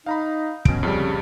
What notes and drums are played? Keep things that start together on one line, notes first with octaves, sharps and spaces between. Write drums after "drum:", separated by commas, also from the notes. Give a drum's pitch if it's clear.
D#4 F5 A#5 B5
B2 C#4 D7, drum: kick
F2 C#3 G3